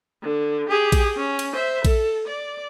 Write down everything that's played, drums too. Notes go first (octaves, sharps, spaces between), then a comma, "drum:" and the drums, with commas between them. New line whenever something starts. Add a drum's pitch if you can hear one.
D3
G4 G#4
drum: kick A#1, cymbal
C#4
drum: cymbal
C5 E5
A4, drum: kick A#1, cymbal
D5